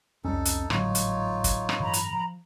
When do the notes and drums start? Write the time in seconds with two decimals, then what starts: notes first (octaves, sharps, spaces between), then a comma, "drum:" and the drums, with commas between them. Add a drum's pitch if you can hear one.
0.25 C2 F2 G3 C#4 D#4 A4
0.45 drum: hi-hat
0.70 G#1 A2 D3 F#3 G3 D#4 F4 C#5, drum: rim click
0.95 drum: hi-hat
1.44 drum: kick, hi-hat
1.69 drum: rim click
1.80 G2 C#3 E3 A#5 B5
1.93 drum: hi-hat
2.13 F3